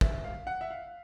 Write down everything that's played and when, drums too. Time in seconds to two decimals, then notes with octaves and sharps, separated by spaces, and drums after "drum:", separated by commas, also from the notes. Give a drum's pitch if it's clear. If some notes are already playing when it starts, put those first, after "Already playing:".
0.01 E5, drum: kick
0.24 F5
0.47 F#5
0.61 E5
0.71 F5